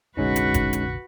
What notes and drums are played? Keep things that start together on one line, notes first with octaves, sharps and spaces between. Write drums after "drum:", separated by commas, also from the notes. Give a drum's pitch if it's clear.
F1 A#1 D3 G#3 C#4 D#4 F#4 B4
drum: hi-hat
drum: kick, hi-hat
drum: hi-hat